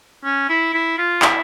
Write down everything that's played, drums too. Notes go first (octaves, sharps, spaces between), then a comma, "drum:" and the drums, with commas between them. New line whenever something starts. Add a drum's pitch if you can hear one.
C#4
E4
E4
F4
E4, drum: clap